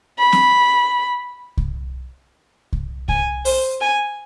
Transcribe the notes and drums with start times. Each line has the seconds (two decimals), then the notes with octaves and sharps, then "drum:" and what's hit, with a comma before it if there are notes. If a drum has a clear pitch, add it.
0.18 B5
0.32 drum: snare C4
1.57 drum: kick C2
2.73 drum: kick C2
3.08 G#5, drum: kick C2
3.45 C5, drum: open hi-hat
3.81 G#5